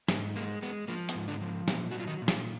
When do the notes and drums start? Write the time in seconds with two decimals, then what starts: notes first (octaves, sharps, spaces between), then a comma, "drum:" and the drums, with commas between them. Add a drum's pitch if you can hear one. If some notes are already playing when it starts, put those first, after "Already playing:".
0.08 G#2 B3, drum: snare
0.36 G#3 A#3
0.62 G#3 B3
0.88 F3 A#3
1.09 B3, drum: hi-hat
1.15 G#2
1.28 D3 D4
1.41 F3
1.68 A#2 B3, drum: snare
1.91 F#4
1.95 F#3 F4
2.08 D#3 D#4
2.22 A#2
2.28 F3 F4, drum: snare